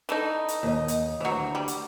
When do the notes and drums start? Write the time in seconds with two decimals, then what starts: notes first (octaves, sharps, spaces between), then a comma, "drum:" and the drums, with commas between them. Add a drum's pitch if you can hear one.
0.09 E3 A3 D#4, drum: snare
0.48 drum: hi-hat
0.63 D#2 D#5
0.88 drum: hi-hat
1.20 D2 E3 F#3
1.55 G3
1.68 drum: hi-hat